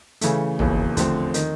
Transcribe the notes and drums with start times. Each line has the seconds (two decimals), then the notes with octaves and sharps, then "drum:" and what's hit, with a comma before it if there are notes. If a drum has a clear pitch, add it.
0.21 C#3 E3 A3, drum: hi-hat
0.59 E1 D#2 C#3 E3, drum: tom
0.97 D3 F3 A3 C4, drum: kick, hi-hat
1.34 D#3, drum: hi-hat